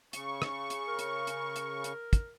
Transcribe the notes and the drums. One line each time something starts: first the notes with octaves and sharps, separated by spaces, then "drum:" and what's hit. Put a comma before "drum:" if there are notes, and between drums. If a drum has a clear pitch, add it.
C#3 C#6, drum: hi-hat
drum: rim click
drum: hi-hat
A#4
drum: hi-hat
drum: hi-hat
drum: hi-hat
drum: hi-hat
drum: kick, hi-hat